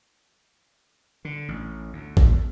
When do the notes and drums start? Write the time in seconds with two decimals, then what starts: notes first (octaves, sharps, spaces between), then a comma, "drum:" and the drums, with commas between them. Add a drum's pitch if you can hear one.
1.25 D3
1.48 A1
1.93 D2
2.17 E2, drum: kick A#1